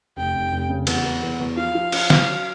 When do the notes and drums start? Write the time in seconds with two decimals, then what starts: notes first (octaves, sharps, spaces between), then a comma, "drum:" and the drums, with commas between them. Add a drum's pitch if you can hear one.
0.17 F1 G5
0.34 F1
0.52 F1
0.69 C#3
0.87 E2 F#5, drum: cymbal
1.05 E2
1.23 E2
1.40 E2
1.57 F3 F5
1.75 F3
1.92 C#4, drum: cymbal
2.10 C#4, drum: snare
2.28 F#3